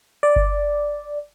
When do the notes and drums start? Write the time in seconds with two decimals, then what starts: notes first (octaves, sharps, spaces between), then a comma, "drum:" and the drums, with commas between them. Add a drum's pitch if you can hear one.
0.23 D5
0.36 drum: kick G1